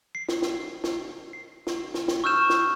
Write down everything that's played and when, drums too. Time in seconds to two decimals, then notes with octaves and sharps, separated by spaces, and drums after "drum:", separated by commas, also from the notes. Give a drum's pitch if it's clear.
0.15 C7
0.29 drum: snare
0.42 drum: snare
0.84 drum: snare
1.33 C7
1.67 drum: snare
1.94 drum: snare
2.08 drum: snare
2.24 C#6 E6 F6 G6 E7
2.50 drum: snare